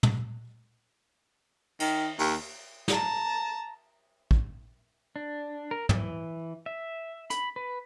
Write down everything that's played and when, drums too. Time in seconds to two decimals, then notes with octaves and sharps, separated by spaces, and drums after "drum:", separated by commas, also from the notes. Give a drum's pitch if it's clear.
0.03 drum: tom
1.80 D#3, drum: cymbal
2.19 D#2, drum: open hi-hat
2.88 A5 A#5, drum: snare
4.31 drum: kick
5.16 D4
5.71 A#4
5.89 E3, drum: tom
6.66 E5
7.30 B5, drum: hi-hat
7.56 B4